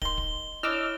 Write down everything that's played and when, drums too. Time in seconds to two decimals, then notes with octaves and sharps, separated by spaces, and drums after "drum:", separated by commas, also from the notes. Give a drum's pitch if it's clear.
0.02 D#3 C6 G7, drum: kick
0.18 drum: kick
0.63 D4 E4 C#5 D#5 D6 E6 F6